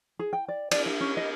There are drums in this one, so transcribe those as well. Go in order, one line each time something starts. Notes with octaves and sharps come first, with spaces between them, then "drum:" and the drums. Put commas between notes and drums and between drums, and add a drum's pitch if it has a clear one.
G#4
G5
D5
D5, drum: cymbal
E5
C#4
D#5